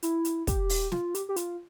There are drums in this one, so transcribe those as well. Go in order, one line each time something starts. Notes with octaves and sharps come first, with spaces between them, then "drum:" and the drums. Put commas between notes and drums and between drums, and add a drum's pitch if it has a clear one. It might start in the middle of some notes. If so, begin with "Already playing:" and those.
E4, drum: hi-hat
drum: hi-hat
G4, drum: kick, hi-hat
drum: open hi-hat
F4, drum: snare
G4, drum: hi-hat
G4
F4, drum: hi-hat